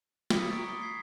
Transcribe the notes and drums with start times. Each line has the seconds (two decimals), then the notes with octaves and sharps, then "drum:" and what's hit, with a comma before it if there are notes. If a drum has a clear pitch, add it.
0.30 B5 D6 D#6 G#6 B6 C#7, drum: snare
0.51 A#5 C#6 D6 E6 A6 D7
0.65 D#6 C#7 G7
0.81 G#6 B6 C7